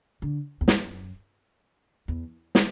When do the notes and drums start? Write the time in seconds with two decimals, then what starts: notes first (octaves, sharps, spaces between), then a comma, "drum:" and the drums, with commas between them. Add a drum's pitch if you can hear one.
0.22 D3
0.61 E2
0.68 F#2, drum: snare
2.08 E2
2.55 drum: snare